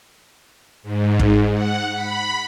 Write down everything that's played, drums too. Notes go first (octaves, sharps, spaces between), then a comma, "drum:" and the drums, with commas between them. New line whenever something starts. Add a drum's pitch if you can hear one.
G#2
drum: kick
F#5
B5